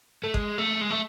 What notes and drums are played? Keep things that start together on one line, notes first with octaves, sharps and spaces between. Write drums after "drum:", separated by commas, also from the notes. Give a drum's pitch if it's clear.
A3
G#3, drum: kick G#1
A3
G#3
A3